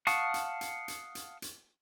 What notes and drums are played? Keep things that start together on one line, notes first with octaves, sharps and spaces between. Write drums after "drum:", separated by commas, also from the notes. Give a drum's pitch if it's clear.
F5 F#5 A5 C#6 D#6, drum: hi-hat
drum: hi-hat
drum: hi-hat
drum: hi-hat
drum: hi-hat
drum: hi-hat